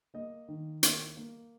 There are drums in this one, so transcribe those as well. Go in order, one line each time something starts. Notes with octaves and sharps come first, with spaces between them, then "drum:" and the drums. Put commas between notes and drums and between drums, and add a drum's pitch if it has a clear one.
A#3 D#5
D#3
A#3, drum: hi-hat
A#3